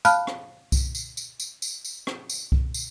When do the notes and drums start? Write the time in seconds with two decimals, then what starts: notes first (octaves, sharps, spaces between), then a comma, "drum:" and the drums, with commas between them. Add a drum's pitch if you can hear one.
0.05 F5 A5 B5 F6 F#6, drum: tambourine
0.27 drum: rim click
0.72 drum: kick C2, tambourine
0.95 drum: tambourine
1.17 drum: tambourine
1.40 drum: tambourine
1.62 drum: tambourine
1.85 drum: tambourine
2.07 drum: rim click
2.30 drum: tambourine
2.52 drum: kick C2
2.74 drum: tambourine